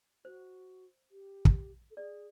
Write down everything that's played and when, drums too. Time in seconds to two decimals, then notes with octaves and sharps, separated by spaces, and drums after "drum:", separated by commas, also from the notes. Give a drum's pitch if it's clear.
0.25 F#4 C5
1.11 G4
1.45 drum: kick
1.91 A4
1.97 G#4 D5